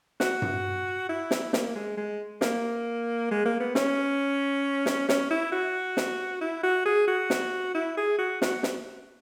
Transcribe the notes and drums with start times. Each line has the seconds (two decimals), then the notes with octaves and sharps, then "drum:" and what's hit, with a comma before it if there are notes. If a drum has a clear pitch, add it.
0.20 F#4, drum: snare
0.42 drum: tom G2
1.09 E4
1.31 drum: snare
1.53 A#3, drum: snare
1.75 G#3
1.97 G#3
2.41 A#3, drum: snare
3.31 G#3
3.45 A#3
3.60 B3
3.75 C#4, drum: snare
4.86 drum: snare
5.09 C#4, drum: snare
5.30 E4
5.52 F#4
5.97 drum: snare
6.41 E4
6.63 F#4
6.85 G#4
7.08 F#4
7.30 drum: snare
7.74 E4
7.97 G#4
8.18 F#4
8.42 F#4, drum: snare
8.63 drum: snare